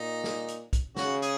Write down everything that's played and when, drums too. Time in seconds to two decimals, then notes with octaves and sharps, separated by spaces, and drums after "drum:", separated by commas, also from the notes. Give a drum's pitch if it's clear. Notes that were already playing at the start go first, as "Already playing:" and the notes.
Already playing: A#2 D#4
0.24 drum: snare
0.48 drum: hi-hat
0.73 drum: kick, hi-hat
0.97 C#3 F#4, drum: snare
1.22 G#4, drum: hi-hat